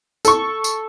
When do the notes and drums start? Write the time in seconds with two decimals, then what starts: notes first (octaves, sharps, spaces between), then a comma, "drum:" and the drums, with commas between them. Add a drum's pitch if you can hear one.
0.25 A4 C#6, drum: tambourine
0.64 drum: tambourine